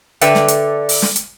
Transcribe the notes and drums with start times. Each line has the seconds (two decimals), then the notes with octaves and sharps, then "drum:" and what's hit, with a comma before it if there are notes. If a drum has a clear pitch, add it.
0.21 D3 A4 B4 D5 E5 G5, drum: hi-hat
0.35 drum: snare
0.48 drum: hi-hat
0.89 drum: open hi-hat
1.02 drum: snare
1.16 drum: hi-hat